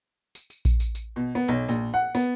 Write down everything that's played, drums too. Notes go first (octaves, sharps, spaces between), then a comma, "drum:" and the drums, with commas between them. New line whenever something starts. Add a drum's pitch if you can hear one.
drum: tambourine
drum: tambourine
drum: kick A#1, tambourine
drum: tambourine
drum: tambourine
B2
B3
B1
A#1, drum: tambourine
F#5
B3, drum: tambourine